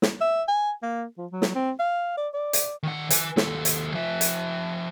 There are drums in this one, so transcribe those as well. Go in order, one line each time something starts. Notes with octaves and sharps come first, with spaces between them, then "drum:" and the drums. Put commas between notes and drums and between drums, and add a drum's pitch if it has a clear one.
drum: snare
E5
G#5
A#3
F3
F#3
drum: snare
C4
F5
D5
D5
drum: hi-hat
D#3 F#5
B4 G#5, drum: hi-hat
D#2 A4, drum: snare
drum: hi-hat
F3 E5
drum: hi-hat